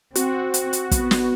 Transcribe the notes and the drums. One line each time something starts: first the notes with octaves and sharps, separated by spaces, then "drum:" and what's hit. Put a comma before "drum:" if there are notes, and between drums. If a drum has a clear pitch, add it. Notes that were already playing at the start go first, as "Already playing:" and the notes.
C4 F#4, drum: hi-hat
drum: hi-hat
drum: hi-hat
B3, drum: kick, hi-hat
drum: snare